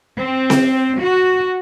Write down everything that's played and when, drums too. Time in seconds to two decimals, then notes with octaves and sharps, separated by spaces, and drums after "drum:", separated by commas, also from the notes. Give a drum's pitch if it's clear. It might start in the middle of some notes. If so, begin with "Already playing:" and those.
0.19 C4
0.50 drum: snare C4
1.02 F#4